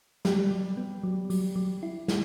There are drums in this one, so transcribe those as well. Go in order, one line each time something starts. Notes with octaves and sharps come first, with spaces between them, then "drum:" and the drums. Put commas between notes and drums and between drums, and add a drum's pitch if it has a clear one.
F#3 G3, drum: snare
F#3
B3
F#3
F#3, drum: open hi-hat
F#3
E4
E4, drum: snare